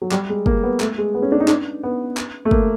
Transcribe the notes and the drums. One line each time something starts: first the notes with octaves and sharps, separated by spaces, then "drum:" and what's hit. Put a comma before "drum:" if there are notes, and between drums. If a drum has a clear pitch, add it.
F#3
G3, drum: clap
G#3
A#3, drum: kick
B3
A3, drum: clap
G#3
B3
C#4
D4
D#4
D4, drum: clap
B3
drum: clap
A3
A#3, drum: kick